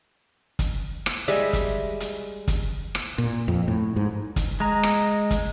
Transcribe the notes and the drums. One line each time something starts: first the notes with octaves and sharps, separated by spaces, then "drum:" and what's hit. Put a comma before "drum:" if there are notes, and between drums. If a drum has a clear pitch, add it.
drum: kick, hi-hat
drum: rim click
G3 G#3 E5
drum: kick, hi-hat
drum: hi-hat
drum: kick, hi-hat
drum: rim click
A#2
F2
A2
G#2
drum: kick, hi-hat
G#3 A#5
drum: rim click
drum: kick, hi-hat